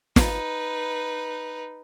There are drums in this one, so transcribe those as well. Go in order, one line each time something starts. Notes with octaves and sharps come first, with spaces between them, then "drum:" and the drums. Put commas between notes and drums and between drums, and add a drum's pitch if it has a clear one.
D#4 B4, drum: snare